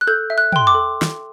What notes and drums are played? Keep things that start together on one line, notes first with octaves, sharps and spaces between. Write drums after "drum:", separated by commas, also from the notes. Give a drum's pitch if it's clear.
F#6
A4 G6
E5
F#6
G5 C6, drum: tom
D6
A4
drum: snare